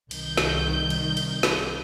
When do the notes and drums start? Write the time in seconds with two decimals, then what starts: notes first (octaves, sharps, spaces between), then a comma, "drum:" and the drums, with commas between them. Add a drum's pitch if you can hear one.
0.11 C2 D#3 G6, drum: cymbal
0.37 drum: snare
0.90 drum: cymbal
1.17 drum: cymbal
1.43 drum: snare